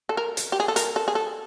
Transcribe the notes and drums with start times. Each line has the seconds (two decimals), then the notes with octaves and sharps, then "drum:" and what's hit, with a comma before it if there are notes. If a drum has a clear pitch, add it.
0.09 A4
0.17 A#4
0.37 drum: hi-hat
0.52 G4
0.60 G#4
0.68 A4
0.76 A#4, drum: hi-hat
0.96 A4
1.08 G#4
1.15 A4